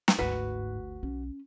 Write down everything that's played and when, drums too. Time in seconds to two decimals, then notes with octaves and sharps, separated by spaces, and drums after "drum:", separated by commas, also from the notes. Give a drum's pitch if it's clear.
0.08 drum: snare
0.18 G1 D2 G#2 F#4 B4
1.03 B1 C#4